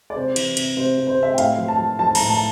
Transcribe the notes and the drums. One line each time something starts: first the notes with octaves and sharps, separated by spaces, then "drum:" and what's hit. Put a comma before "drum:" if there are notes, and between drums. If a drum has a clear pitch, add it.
D5
C3 C5
E3, drum: cymbal
C3, drum: cymbal
C3 C5
C3
C5
C3 E5
G5
A2 F5, drum: hi-hat
F3
A5
F3
F3 A5
A#5, drum: cymbal
A2
A5